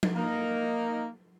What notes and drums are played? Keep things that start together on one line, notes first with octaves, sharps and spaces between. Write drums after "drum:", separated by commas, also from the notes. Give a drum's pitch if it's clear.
drum: tom F3
A#3 D#4 A#4